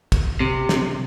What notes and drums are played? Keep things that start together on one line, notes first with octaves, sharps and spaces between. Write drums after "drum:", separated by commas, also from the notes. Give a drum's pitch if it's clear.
drum: kick, cymbal
C3
drum: snare